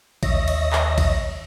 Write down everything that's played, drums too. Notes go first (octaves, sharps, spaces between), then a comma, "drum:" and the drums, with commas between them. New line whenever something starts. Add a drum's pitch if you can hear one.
D#2 C#5 D#5 E5 A#6, drum: kick A#1, cymbal
drum: cymbal
drum: clap
drum: kick A#1, cymbal